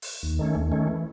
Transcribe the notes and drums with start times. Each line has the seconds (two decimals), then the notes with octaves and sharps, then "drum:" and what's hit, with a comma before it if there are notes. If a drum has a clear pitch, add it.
0.02 drum: open hi-hat
0.23 D#2
0.39 D#3 A3 C#4
0.55 D#2
0.71 D#3 A3 C#4
0.88 E3